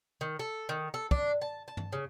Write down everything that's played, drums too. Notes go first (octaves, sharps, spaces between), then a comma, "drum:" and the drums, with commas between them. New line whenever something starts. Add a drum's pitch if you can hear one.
D#3
A4
D#3
A4
D4, drum: kick
A5
A5
drum: tom
C#3